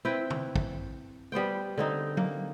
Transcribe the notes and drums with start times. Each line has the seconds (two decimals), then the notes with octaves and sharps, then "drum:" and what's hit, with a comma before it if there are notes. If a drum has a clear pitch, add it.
0.05 C4 E4 B4 G5
0.30 drum: tom C3
0.56 drum: kick
1.32 G3 B3 C5 G5
1.78 D3 C4 D#4
2.17 A#3, drum: tom F#3